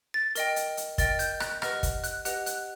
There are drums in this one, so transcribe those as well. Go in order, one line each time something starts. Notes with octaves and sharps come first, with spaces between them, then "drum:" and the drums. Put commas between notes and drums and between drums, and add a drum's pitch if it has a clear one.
A6
A#4 D#5 G5, drum: hi-hat
drum: hi-hat
drum: hi-hat
A#4 D#5 G5 A6, drum: kick, hi-hat
G6, drum: hi-hat
F#6, drum: rim click
G4 B4 D#5 F#5 F6, drum: rim click
drum: kick, hi-hat
F#6, drum: hi-hat
G4 B4 D#5 F#5 F#6, drum: hi-hat
F#6, drum: hi-hat